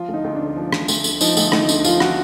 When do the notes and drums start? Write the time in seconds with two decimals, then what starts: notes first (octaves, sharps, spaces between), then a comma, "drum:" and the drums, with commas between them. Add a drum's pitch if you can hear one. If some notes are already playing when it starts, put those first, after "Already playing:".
Already playing: F3 F4
0.08 D2
0.14 D#4
0.24 D2
0.35 D4
0.40 D3
0.56 F3
0.73 D2, drum: rim click
0.88 D2, drum: tambourine
1.04 D3, drum: tambourine
1.21 F3 D#4, drum: tambourine
1.37 D2, drum: tambourine
1.52 D2 D#4, drum: rim click
1.69 D3, drum: tambourine
1.85 F3 F4, drum: tambourine
2.00 F#4, drum: rim click